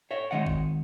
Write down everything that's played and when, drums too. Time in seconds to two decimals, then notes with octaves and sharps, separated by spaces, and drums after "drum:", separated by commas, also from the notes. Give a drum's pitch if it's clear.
0.11 C#5 E5
0.31 D#3 G#3 D#4 D#5 F#5
0.46 drum: kick G1